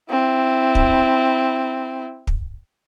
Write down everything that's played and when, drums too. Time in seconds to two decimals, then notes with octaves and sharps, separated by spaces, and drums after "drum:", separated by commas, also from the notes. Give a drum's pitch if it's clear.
0.10 C4 E4
0.75 drum: kick
2.27 drum: kick